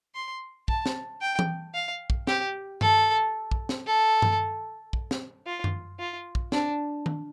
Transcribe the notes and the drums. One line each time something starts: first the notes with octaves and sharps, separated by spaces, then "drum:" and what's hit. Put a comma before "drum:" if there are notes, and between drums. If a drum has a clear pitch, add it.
C6
A5, drum: kick
drum: snare
G5
drum: tom E3
F5
drum: kick
G4, drum: snare
A4, drum: tom G2
drum: kick
drum: snare
A4
drum: tom G2
drum: kick
drum: snare
F4
drum: tom F#2
F4
drum: kick
D4, drum: snare
drum: tom D#3